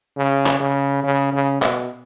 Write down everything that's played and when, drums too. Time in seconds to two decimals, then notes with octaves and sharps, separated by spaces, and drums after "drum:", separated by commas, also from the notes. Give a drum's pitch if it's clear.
0.17 C#3
0.46 drum: clap
0.60 C#3
1.04 C#3
1.33 C#3
1.62 B2, drum: clap